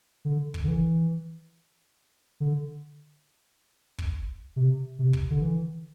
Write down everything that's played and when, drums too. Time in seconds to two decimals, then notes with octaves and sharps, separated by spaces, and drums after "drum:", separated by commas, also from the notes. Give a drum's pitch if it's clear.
0.25 D3
0.54 drum: kick
0.64 D3
0.68 E3
2.40 D3
3.98 drum: kick
4.56 C3
4.99 C3
5.13 drum: kick
5.30 D3
5.42 E3